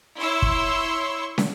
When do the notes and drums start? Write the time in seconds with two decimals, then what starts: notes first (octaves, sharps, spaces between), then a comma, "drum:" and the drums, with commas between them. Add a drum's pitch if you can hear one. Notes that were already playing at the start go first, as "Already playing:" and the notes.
0.19 E4 C#5 C6 C#6 E6
0.42 drum: kick
1.38 drum: snare